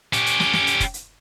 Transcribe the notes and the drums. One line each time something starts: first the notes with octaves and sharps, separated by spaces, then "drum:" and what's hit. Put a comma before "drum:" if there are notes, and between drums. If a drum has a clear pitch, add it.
C#4 G4, drum: hi-hat
drum: hi-hat
drum: snare
drum: snare
drum: hi-hat
drum: kick, hi-hat
drum: hi-hat